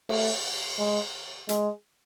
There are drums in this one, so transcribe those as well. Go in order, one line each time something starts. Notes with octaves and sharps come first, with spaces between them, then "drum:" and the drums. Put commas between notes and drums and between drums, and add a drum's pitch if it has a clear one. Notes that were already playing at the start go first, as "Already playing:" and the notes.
A3, drum: cymbal
G#3
G#3, drum: hi-hat